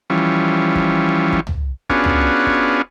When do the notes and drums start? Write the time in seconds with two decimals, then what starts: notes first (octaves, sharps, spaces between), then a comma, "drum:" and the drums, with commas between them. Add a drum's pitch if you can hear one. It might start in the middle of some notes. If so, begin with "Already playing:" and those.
0.10 E3 F3 G3 C#4
0.75 drum: kick
1.32 drum: kick
1.47 drum: tom
1.90 B3 C#4 D4 F4 F#4 G#4, drum: kick
2.04 drum: tom
2.47 drum: kick